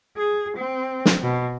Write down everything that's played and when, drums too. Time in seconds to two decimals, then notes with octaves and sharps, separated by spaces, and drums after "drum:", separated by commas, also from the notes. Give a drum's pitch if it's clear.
0.17 G#4
0.56 C4
1.05 drum: snare
1.22 B2